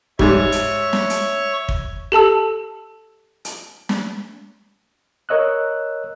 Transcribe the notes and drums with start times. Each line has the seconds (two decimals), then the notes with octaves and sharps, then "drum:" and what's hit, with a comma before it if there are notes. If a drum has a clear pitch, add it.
0.19 G#2 G3 C#5 E5 C#6, drum: kick
0.52 drum: hi-hat
0.93 drum: snare
1.10 drum: hi-hat
1.68 drum: kick
2.12 G4 A4 A5 E6
3.45 drum: hi-hat
3.89 drum: snare
5.29 A#4 C#5 D#5 E6 F#6